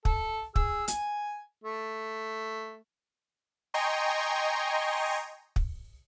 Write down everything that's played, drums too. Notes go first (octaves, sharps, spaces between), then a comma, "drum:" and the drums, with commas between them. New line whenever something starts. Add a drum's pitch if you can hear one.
A4, drum: kick
G#4 E6, drum: kick
G#5, drum: hi-hat
A3
D#5 G5 G#5 A#5 C6 C#6
drum: kick